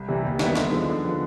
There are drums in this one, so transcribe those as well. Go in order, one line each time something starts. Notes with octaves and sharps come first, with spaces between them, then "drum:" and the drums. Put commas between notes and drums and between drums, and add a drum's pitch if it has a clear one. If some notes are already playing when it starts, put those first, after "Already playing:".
Already playing: C2
C3 E3 G3
D#2
D#3 G3 B3 E4, drum: snare
D3, drum: snare
F3 G#3
D3
F3 G#3 B3